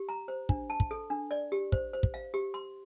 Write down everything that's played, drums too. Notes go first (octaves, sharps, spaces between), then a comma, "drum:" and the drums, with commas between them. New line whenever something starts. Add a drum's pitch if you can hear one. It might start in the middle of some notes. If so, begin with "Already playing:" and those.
Already playing: G4
A#5
C5
D4, drum: kick
A5
drum: kick
A4
D4
D5
G4
C5, drum: kick
C5
drum: kick
F5
G4
C6